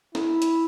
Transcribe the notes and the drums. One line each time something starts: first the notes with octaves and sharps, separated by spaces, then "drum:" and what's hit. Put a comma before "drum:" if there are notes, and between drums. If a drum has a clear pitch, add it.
E4, drum: snare
drum: hi-hat